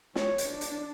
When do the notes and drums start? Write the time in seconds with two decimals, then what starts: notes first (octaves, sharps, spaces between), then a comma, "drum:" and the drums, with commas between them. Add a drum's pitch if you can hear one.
0.15 C#5, drum: snare
0.38 drum: hi-hat
0.48 D4
0.61 drum: hi-hat